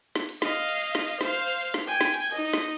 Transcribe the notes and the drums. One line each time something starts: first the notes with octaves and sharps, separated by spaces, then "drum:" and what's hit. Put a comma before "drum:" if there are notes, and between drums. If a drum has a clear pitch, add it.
drum: snare
drum: cymbal
D#5 F5, drum: snare
drum: cymbal
drum: cymbal
drum: cymbal
drum: snare
drum: cymbal
C5 F5, drum: snare
drum: cymbal
drum: cymbal
drum: cymbal
drum: snare
G5 G#5
drum: snare
drum: cymbal
D#4 D#5
drum: snare